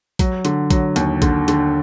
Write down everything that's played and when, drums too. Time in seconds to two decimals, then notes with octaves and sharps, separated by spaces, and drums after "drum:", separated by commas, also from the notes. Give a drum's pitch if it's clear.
0.19 F#3, drum: kick A#1, hi-hat
0.45 D3, drum: hi-hat
0.71 F#3, drum: kick A#1, hi-hat
0.96 D#2, drum: hi-hat
1.22 D3, drum: kick A#1, hi-hat
1.48 D3, drum: hi-hat